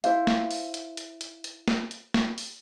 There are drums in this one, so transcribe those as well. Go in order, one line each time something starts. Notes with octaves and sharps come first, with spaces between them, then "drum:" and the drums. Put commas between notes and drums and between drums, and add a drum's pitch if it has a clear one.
E4 C5 F5, drum: hi-hat
drum: snare
drum: open hi-hat
drum: hi-hat
drum: hi-hat
drum: hi-hat
drum: hi-hat
drum: snare
drum: hi-hat
drum: snare
drum: open hi-hat